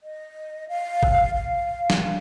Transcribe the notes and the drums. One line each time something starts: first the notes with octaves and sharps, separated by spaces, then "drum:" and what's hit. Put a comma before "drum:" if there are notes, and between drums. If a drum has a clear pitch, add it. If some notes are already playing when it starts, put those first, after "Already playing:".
D#5
F5
drum: kick G#1
F5
drum: snare